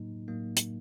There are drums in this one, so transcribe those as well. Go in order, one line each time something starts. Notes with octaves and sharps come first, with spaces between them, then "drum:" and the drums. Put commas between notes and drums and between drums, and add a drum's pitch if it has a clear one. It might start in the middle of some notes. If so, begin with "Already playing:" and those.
Already playing: A2 F#3 A#3 D#4
A2 F#3 A#3 D#4
drum: hi-hat